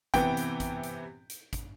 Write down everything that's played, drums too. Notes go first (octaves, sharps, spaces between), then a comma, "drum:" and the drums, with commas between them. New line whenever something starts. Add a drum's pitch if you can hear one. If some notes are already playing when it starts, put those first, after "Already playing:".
C3 E3 B3 G5, drum: kick, hi-hat
drum: hi-hat
drum: kick, hi-hat
drum: hi-hat
drum: hi-hat
drum: kick, hi-hat